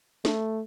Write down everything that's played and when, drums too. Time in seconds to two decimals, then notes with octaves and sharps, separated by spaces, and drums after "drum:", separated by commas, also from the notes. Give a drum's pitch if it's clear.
0.25 A3, drum: snare